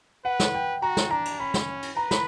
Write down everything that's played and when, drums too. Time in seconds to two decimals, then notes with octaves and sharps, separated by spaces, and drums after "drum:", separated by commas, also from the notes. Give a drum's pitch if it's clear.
0.25 B4 F#5
0.40 drum: snare
0.54 G5
0.82 F#4 A#5
0.97 drum: snare
1.11 D4 A#5
1.25 drum: cymbal
1.39 C#4 B5
1.54 drum: snare
1.83 drum: cymbal
1.97 B4 A#5
2.11 B5, drum: snare